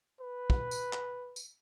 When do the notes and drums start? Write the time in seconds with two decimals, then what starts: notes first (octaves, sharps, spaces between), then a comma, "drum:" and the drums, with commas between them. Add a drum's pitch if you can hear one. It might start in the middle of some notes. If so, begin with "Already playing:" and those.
0.20 B4
0.50 drum: kick
0.71 drum: tambourine
0.93 drum: clap
1.36 drum: tambourine